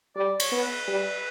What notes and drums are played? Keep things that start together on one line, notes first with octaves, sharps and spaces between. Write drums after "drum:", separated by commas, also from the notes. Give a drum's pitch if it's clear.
G3 D5
C#5, drum: cymbal
B3
B4
G3